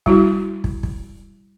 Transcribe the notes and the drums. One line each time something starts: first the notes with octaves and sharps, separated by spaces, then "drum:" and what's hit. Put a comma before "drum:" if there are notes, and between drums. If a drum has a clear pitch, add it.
G3 E4 F#4, drum: kick
drum: kick
drum: kick